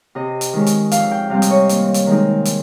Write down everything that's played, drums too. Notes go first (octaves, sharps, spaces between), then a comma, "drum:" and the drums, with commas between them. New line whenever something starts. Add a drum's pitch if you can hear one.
C3 D#5
drum: hi-hat
D#3 G#3 C#4
drum: hi-hat
F2 F5, drum: hi-hat
G5
C3 G3 C4 F5
D#5, drum: hi-hat
C#5
D#2, drum: hi-hat
drum: hi-hat
D#3 G#3 C4 D#4
drum: hi-hat